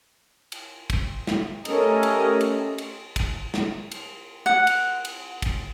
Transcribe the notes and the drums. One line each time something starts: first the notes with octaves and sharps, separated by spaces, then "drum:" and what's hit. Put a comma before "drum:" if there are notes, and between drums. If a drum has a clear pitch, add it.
drum: cymbal
drum: kick, cymbal
drum: snare
A3 C#4 G4 A4 A#4 D#5, drum: cymbal
drum: cymbal
drum: cymbal
drum: cymbal
drum: kick, cymbal
drum: snare
drum: cymbal
F#5
drum: cymbal
drum: cymbal
drum: kick, cymbal